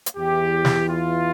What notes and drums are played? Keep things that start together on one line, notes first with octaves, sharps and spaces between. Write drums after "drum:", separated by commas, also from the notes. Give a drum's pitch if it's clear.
drum: hi-hat
E2 E3 G4
drum: snare
F4